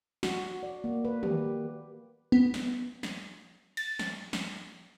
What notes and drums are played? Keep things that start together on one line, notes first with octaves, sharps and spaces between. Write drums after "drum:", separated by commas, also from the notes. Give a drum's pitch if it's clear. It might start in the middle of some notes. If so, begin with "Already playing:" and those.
F#4, drum: snare
D5
A#3
B4
G4, drum: tom D#3
B3
drum: snare
drum: snare
A6, drum: cymbal
drum: snare
drum: snare